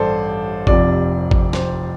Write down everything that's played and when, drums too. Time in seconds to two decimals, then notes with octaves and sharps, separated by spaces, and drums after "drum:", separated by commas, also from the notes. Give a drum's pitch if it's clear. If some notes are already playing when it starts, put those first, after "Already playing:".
Already playing: A1 G2 A4 C5 D5
0.67 F1 F2 C3 F3 D5, drum: kick G#1
1.31 drum: kick G#1
1.53 C5, drum: snare